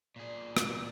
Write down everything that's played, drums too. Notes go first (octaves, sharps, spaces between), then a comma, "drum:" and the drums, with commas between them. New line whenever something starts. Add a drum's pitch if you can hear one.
A#2 G#4 D5
drum: rim click